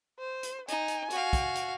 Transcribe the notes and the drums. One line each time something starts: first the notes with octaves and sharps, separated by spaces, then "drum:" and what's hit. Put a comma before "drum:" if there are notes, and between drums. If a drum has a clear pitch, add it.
C5
drum: hi-hat
D#4 G#5, drum: hi-hat
drum: hi-hat
F#4 F5, drum: hi-hat
drum: kick, hi-hat
drum: hi-hat